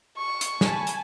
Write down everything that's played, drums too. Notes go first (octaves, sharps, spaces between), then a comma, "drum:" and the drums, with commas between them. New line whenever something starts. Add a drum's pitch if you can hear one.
C#6
drum: hi-hat
G#5 A5 B5, drum: snare
drum: hi-hat